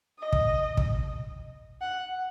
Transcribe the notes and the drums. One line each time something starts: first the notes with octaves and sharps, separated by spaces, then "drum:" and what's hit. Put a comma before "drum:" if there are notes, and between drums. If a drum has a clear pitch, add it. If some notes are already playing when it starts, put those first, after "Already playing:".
D#5
drum: kick
drum: kick
F#5